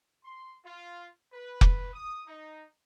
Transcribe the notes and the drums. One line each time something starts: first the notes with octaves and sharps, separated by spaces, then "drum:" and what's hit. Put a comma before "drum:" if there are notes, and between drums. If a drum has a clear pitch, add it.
C6
F4
B4
drum: kick F1
D#6
D#4